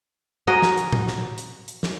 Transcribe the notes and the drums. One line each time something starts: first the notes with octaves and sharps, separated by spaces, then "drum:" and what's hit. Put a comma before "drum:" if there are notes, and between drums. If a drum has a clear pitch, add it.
F#4 G#4 A#4 D#5
drum: snare
drum: hi-hat
drum: tom A2
drum: snare
drum: hi-hat
drum: hi-hat
drum: snare